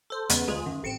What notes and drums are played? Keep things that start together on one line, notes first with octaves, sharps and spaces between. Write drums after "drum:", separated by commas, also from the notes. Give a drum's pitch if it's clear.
A4 C5
E2 C#3 G#3 B3, drum: hi-hat
D2 G#3 F4 G#4
F#2 D#3
A1 C4 C#7 D7 E7